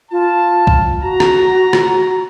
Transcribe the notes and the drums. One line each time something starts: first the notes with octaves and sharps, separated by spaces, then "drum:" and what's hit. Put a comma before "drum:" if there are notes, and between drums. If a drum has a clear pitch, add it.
F4 A5
drum: kick C2
F#4 A#5
drum: rim click
drum: rim click